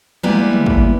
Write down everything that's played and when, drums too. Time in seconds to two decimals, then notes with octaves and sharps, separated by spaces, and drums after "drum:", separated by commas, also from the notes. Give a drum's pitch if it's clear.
0.23 G3 G#3 A#3 B3 E4
0.52 drum: tom
0.66 drum: kick